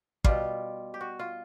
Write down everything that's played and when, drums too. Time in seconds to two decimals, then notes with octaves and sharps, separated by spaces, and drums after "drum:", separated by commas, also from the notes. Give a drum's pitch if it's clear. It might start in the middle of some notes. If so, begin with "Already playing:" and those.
0.24 B2 G3 F4, drum: kick
0.94 G4
1.01 F#4
1.19 F4